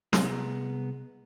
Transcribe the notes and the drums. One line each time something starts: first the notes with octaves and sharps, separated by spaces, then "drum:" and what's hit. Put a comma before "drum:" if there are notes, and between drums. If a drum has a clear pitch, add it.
C2 B3 G#4 D#5 A#5, drum: snare